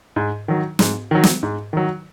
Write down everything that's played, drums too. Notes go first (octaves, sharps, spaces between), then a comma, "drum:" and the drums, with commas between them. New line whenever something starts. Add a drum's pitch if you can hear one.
G#2
D#3 F#3
G#2, drum: snare
D#3 F#3
drum: snare
G#2
D#3 F#3